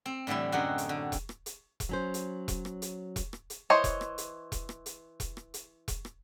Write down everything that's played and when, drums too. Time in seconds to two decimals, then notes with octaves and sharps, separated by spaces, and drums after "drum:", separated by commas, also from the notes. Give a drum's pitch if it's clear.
0.06 C4
0.27 A2 D3 E3 G3 E4
0.52 F#2 D3 F#4 G4 D#5 F#5
0.78 drum: hi-hat
0.89 D3
1.12 drum: kick E1, hi-hat
1.29 drum: rim click
1.46 drum: hi-hat
1.80 drum: kick E1, hi-hat
1.89 F#3 C#4 C5
2.14 drum: hi-hat
2.48 drum: kick E1, hi-hat
2.65 drum: rim click
2.82 drum: hi-hat
3.16 drum: kick E1, hi-hat
3.33 drum: rim click
3.50 drum: hi-hat
3.70 E3 C5 C#5 D#5
3.84 drum: kick E1, hi-hat
4.01 drum: rim click
4.18 drum: hi-hat
4.52 drum: kick E1, hi-hat
4.69 drum: rim click
4.86 drum: hi-hat
5.20 drum: kick E1, hi-hat
5.37 drum: rim click
5.54 drum: hi-hat
5.88 drum: kick E1, hi-hat
6.05 drum: rim click